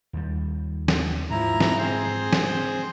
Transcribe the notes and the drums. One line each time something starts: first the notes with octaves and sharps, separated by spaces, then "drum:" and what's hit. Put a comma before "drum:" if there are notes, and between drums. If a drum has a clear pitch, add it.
D#2 G3
drum: snare
G#2 F3 E4 A#5
drum: snare
C4 G#4 C5
drum: snare